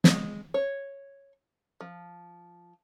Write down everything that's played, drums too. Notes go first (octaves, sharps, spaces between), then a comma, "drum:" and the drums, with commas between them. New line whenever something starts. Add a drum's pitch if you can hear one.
G#3, drum: snare
C#5
F3